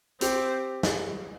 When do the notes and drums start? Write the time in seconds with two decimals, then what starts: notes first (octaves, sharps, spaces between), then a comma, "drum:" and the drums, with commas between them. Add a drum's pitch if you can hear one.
0.21 C4 G4, drum: hi-hat
0.83 drum: snare